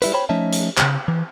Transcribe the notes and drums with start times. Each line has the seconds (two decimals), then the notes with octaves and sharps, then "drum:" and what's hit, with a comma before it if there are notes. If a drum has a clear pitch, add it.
0.02 G3 E4 B4, drum: hi-hat
0.13 C5 C#5 G5 B5
0.29 F3 A3 C#4 D#4 E5 A5
0.52 drum: hi-hat
0.78 C#2 C#3, drum: clap
1.08 E3